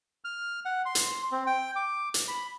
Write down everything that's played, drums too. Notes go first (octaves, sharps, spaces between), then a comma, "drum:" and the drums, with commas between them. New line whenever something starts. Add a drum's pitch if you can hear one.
F6
F#5
C6
drum: hi-hat
C4
G5
D6
drum: hi-hat
B5